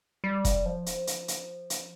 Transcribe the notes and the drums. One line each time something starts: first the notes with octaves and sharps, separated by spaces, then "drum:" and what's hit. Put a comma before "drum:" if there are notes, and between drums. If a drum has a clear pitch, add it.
G3
drum: kick E1, hi-hat
F3
drum: hi-hat
drum: hi-hat
drum: hi-hat
drum: hi-hat